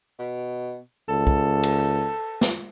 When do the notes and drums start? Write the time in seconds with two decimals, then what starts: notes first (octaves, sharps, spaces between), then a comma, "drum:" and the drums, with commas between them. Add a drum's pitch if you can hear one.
0.19 B2
1.08 C#2 A4
1.27 drum: kick
1.63 drum: cymbal
2.41 drum: snare